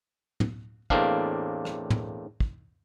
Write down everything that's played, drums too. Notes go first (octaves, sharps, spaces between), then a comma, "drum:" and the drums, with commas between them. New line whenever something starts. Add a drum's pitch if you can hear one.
drum: tom
E2 A2 A#3 C4 D4 F5, drum: kick
drum: rim click
drum: tom
drum: kick